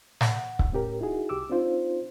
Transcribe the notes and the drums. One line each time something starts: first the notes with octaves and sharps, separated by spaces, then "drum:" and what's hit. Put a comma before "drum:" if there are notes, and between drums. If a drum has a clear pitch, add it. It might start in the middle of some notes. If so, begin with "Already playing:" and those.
F#5, drum: snare
drum: kick C#1
A2 C#4 G4 A#4
D#4 E4 F#4 G#4
C2 G4 D6 E6
C4 D4 D#4 F4 C5